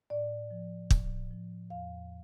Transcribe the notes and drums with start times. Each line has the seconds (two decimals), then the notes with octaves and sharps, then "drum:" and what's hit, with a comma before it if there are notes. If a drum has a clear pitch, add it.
0.10 A2 D5
0.51 F3
0.90 A2, drum: kick
1.30 F3
1.70 E2 F5